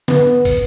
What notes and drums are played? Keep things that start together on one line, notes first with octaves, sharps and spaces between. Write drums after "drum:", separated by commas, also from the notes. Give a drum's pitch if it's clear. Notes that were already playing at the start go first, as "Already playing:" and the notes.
B3, drum: snare
drum: kick, open hi-hat